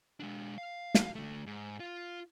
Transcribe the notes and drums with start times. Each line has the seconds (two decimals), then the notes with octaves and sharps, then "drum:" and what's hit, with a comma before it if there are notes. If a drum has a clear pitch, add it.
0.20 G#3 D4
0.58 F5
0.95 drum: snare
1.15 D3 A3
1.46 G#2
1.80 F4